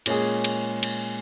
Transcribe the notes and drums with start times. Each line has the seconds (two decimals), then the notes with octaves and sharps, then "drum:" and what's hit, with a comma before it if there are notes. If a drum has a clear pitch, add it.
0.06 A#2 G#3 C#4 G#4, drum: cymbal
0.44 drum: cymbal
0.83 drum: cymbal